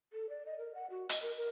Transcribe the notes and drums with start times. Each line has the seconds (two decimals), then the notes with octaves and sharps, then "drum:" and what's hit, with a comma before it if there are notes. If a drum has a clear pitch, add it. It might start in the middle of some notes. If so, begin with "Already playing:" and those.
0.13 A4
0.29 D5
0.46 D#5
0.58 A#4
0.75 F#5
0.90 F#4
1.09 D#5, drum: hi-hat
1.22 A#4
1.37 A#4